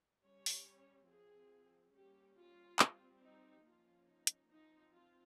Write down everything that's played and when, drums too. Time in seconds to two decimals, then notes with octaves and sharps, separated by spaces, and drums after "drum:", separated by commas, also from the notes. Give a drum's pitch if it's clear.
0.24 G3 C#4 C#5
0.46 drum: open hi-hat
1.09 F3 C4 G#4
1.94 G3 A#3 C#4 G4
2.38 F4
2.79 C4, drum: clap
2.84 G3
3.22 D#4
3.65 F3 A#3 C#4 F4
4.08 D#4
4.27 drum: hi-hat
4.50 F3 C4 D#4
4.93 F4